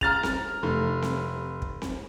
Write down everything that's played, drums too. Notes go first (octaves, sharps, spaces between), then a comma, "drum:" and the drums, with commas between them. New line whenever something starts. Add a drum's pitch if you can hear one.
A#5 F6 A6 F7, drum: kick
drum: snare C4
F1
drum: snare C4
drum: kick
drum: snare C4